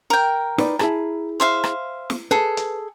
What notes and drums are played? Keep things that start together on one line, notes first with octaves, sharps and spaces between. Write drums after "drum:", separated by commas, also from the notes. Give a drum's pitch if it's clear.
A#4 G5
D#4 B4 D5, drum: snare
E4 G#4 A5, drum: rim click
C5 E5 F5
drum: rim click
drum: snare
G#4 A4 B4 A5
drum: hi-hat